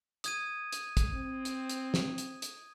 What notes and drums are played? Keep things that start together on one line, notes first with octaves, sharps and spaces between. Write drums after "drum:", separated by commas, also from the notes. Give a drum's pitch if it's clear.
D#6 G#6 D#7, drum: hi-hat
drum: hi-hat
drum: kick, hi-hat
C4
drum: hi-hat
drum: hi-hat
drum: snare
drum: hi-hat
drum: hi-hat